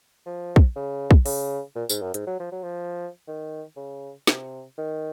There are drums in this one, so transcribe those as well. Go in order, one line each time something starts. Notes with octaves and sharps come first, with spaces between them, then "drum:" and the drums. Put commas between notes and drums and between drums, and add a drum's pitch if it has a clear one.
F3
drum: kick
C#3
drum: kick
C#3, drum: open hi-hat
A#2
G#2, drum: tambourine
F#2
G#2, drum: hi-hat
F#3
F3
F#3
F3
D#3
C#3
C3, drum: snare
D#3